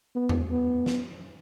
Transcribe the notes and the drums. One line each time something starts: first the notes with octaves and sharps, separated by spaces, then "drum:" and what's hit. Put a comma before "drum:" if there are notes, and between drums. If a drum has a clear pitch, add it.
B3
drum: tom E2
B3
drum: snare